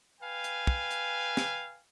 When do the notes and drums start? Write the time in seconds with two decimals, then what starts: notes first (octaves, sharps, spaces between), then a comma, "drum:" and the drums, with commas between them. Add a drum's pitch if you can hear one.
0.21 B4 F5 G5 G#5
0.44 drum: hi-hat
0.67 drum: kick
0.91 drum: hi-hat
1.37 drum: snare